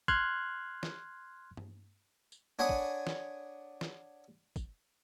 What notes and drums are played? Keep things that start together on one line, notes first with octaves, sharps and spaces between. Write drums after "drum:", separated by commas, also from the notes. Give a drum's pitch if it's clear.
C6 F6 F#6 G#6, drum: kick
drum: snare
drum: tom G2
drum: tambourine
D4 C#5 F#5 G#5 B5 D#6
drum: kick
drum: snare
drum: snare
drum: kick, tambourine